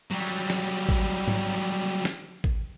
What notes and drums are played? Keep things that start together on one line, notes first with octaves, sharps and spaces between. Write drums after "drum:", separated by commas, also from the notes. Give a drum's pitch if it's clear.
F#3 G3
drum: snare
drum: kick
drum: tom G#2
drum: snare
drum: kick